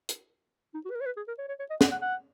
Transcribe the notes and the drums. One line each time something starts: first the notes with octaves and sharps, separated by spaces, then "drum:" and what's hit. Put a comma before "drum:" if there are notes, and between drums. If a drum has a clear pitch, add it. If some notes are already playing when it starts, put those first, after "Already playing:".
drum: hi-hat
D#4
F#4
B4
A#4
C#5
B4
G#4
A#4
C#5
C#5
C#5
D#5
F#5, drum: snare
F#5
F#5